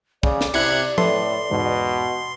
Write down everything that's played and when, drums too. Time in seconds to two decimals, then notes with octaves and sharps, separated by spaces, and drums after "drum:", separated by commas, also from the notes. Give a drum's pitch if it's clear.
0.23 C#3 D5, drum: kick
0.41 drum: snare
0.54 C3 E4 G4 F#6 G#6 C#7, drum: cymbal
0.98 A2 A4 B4 E5 C6, drum: tom F3
1.51 E2 G#2 B2